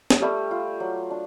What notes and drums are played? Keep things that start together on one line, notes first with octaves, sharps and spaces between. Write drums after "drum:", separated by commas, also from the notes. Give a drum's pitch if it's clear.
drum: snare
G3 A3 G4
F4
F#3
D4